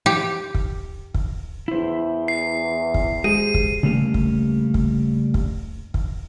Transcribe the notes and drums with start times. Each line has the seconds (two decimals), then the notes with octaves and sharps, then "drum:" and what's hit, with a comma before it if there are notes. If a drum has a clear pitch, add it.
0.06 G4
0.54 drum: kick
1.14 drum: kick
1.68 E2 E4 C5
2.28 C7
2.94 drum: kick
3.24 G#3 G4 G#4 C5 D#7
3.54 drum: kick
3.83 C#3 G3 A3 A#3 G4
4.14 drum: kick
4.74 drum: kick
5.34 drum: kick
5.94 drum: kick